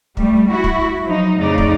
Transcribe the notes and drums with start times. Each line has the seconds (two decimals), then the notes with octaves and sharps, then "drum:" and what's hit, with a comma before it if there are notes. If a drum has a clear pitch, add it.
0.17 G3 A3, drum: kick
0.50 E4 F#4
0.64 drum: kick
1.03 F3 F#3 D#4
1.38 F2 A2 C#3 D#4 D5
1.58 drum: kick